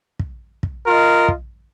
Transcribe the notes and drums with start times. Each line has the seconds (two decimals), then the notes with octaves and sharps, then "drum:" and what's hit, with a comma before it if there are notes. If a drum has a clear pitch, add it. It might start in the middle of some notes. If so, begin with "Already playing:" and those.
0.19 drum: kick
0.63 drum: kick
0.85 F4 A#4 D#5
1.28 drum: kick